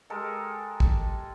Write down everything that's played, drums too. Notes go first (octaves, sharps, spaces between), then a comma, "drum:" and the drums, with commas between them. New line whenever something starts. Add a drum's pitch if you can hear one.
G#3 G4 A4 A#4
drum: kick